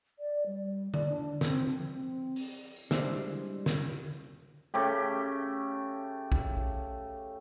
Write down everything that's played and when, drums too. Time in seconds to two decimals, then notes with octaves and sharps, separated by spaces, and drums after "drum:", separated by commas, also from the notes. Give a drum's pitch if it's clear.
0.19 D5
0.46 G3
0.94 D5, drum: tom D3
1.09 D4
1.41 C4, drum: snare
1.76 F3
1.93 C4
2.36 drum: open hi-hat
2.76 drum: tambourine
2.91 G3 G#3 D4 E4 C5 E5, drum: snare
3.66 drum: snare
4.74 C#3 A3 G4
6.32 drum: kick A#1